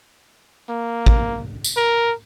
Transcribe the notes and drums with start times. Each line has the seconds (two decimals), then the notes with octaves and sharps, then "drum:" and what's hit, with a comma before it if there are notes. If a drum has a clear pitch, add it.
0.69 A#3
1.06 drum: kick A1
1.64 drum: tambourine
1.77 A#4